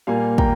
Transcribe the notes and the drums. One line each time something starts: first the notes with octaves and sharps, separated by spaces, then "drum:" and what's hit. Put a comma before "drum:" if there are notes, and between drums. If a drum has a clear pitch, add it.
A#2 G3 A#3 F5 G#5
G5 A#5, drum: kick